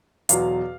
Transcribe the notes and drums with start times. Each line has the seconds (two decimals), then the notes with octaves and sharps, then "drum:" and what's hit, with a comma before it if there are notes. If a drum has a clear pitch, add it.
0.29 E2 B2 F#3 F5, drum: hi-hat